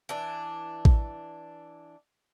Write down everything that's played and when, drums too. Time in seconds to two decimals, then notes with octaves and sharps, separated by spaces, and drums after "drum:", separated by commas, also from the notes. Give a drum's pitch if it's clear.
0.09 E3 D4
0.85 drum: kick A1